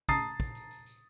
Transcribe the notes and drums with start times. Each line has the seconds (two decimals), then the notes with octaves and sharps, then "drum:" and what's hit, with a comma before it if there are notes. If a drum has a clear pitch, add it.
0.09 A5 A#5 D#6 A6 C7, drum: kick, tambourine
0.40 drum: kick, tambourine
0.55 drum: tambourine
0.71 drum: tambourine
0.86 drum: tambourine